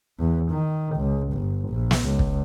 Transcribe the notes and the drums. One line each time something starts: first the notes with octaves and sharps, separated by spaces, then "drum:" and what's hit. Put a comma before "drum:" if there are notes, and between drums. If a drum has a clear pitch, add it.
E2
D#3
C#2
G1
A#1
drum: snare
C#2
drum: kick